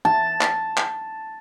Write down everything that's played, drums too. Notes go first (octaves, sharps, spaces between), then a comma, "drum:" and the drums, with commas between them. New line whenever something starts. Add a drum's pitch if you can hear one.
A5
drum: clap
drum: clap